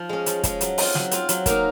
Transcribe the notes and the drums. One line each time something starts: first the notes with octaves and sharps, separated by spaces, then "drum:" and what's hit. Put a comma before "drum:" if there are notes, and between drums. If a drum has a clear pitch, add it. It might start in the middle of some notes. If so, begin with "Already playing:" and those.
Already playing: F3
G#3 C#4
F3, drum: hi-hat
G#3 C#4, drum: kick, hi-hat
F#3, drum: hi-hat
C4 F4, drum: open hi-hat
F#3, drum: snare
C4 F4, drum: hi-hat
F#3, drum: hi-hat
A#3 D#4 A#4, drum: kick, hi-hat